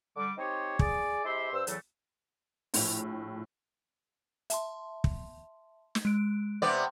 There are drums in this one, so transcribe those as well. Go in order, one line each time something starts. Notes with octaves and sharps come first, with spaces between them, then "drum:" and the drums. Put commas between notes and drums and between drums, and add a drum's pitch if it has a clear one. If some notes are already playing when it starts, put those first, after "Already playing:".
D3 G3 D6
C4 D#4 G4 C5 C#5
G#4 D5, drum: kick
G#3 E4 G4 C5 E5 C6
G2 C5 E6
E2 A2 E3 F#3 A3, drum: hi-hat
A#1 A2, drum: open hi-hat
E5 A5 C6, drum: hi-hat
drum: kick
drum: snare
G#3 F#6 D7
C3 B3 D5